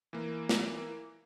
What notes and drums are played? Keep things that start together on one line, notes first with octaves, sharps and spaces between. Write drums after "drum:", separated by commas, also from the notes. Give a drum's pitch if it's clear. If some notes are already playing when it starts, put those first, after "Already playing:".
E3 A#3
drum: snare